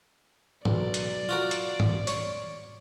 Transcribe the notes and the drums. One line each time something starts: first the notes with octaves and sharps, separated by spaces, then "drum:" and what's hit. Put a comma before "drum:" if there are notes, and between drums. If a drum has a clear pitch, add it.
B1 D5, drum: tom G#2
drum: hi-hat
F4 F#4 A#4
drum: hi-hat
drum: tom G#2
C#5 C6, drum: hi-hat